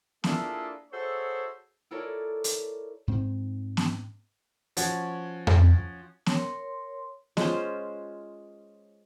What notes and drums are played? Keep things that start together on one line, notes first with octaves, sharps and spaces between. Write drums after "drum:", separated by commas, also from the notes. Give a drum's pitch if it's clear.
A#3 D4 E4 F4 G#4 A4, drum: snare B3
F#4 G#4 A4 C5 C#5 E5
E4 F4 A4 A#4 C#5 D5
drum: hi-hat
G#2 C4
drum: snare B3
F3 C#4 F#4, drum: hi-hat
drum: tom F2
A#4 C#5 C6, drum: snare B3
G#3 C#4 F4 C5, drum: snare B3